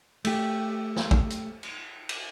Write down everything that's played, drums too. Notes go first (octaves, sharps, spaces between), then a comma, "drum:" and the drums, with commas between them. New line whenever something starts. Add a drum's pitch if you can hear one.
A3 G4, drum: cymbal
drum: snare
drum: kick
drum: hi-hat
drum: cymbal
drum: cymbal